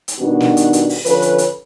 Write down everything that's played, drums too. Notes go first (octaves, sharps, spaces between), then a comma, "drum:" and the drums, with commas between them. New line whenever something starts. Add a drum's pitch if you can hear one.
drum: hi-hat
B2 D#3 G3 B3 D4 F#4
drum: snare
drum: hi-hat
drum: hi-hat
drum: open hi-hat
D3 F3 C#4 A4 B4, drum: hi-hat
drum: hi-hat
drum: hi-hat